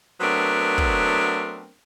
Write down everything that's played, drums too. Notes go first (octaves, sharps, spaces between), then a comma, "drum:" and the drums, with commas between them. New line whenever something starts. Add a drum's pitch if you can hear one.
F#3 A3 B3 C4 D4 A#4
drum: kick